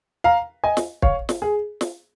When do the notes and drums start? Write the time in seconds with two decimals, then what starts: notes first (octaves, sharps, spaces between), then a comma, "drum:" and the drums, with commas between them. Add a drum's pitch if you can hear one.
0.24 F5 A#5
0.64 D#5 G#5
0.77 drum: snare
1.02 C#5 F5, drum: kick
1.29 drum: snare
1.42 G#4
1.81 drum: snare